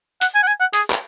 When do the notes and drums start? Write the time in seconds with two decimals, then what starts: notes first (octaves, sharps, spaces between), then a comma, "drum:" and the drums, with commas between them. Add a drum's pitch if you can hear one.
0.21 F#5, drum: hi-hat
0.35 G#5
0.43 F#5
0.48 G#5
0.61 F#5
0.73 G#4, drum: hi-hat
0.90 drum: clap